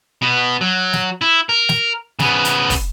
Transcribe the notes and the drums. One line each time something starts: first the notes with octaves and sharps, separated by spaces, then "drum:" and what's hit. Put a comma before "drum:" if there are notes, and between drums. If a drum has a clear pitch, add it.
B2 B3
F#3
drum: snare
E4
A#4
drum: snare
C#3 B3, drum: snare
drum: hi-hat
drum: kick, open hi-hat